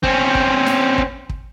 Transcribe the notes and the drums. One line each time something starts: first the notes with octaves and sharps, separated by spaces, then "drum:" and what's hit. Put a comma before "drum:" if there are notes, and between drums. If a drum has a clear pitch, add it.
C4 C#4, drum: kick
drum: kick
drum: snare
drum: kick
drum: kick